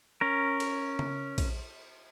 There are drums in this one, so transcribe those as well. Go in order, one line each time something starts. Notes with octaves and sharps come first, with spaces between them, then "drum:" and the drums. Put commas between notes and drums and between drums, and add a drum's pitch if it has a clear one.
C#4 A#4
drum: cymbal
drum: tom C#3
drum: kick, cymbal